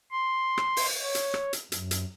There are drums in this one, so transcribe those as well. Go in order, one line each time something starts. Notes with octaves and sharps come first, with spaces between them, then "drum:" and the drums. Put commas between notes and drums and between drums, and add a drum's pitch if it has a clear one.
C6
drum: rim click
drum: open hi-hat
C#5
drum: hi-hat
drum: rim click
drum: hi-hat
F#2, drum: hi-hat
drum: hi-hat